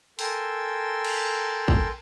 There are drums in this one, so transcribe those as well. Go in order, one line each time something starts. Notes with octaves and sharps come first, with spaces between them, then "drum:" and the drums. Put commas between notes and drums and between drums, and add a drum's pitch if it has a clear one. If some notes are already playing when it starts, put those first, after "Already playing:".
A4 A#4 G5 G#5 C6 E6, drum: open hi-hat
drum: cymbal
drum: kick